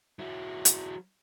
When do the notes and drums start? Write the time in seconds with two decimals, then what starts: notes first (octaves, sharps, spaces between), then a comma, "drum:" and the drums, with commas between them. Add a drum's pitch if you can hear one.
0.19 F#3 E4
0.65 drum: hi-hat